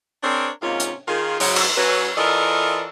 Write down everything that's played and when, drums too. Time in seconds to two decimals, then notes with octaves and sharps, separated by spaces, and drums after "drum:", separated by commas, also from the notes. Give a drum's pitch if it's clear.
0.23 C4 D4 G#4 A#4 C5 C#5
0.62 G#2 C3 A#3 C#4 D#4 F4
0.80 drum: hi-hat
1.08 D#3 F4 G#4
1.40 G#2 C#3 F#3, drum: open hi-hat
1.56 drum: cymbal
1.78 F#3 C#4 B4
2.17 E3 F4 A4 A#4 D5 D#5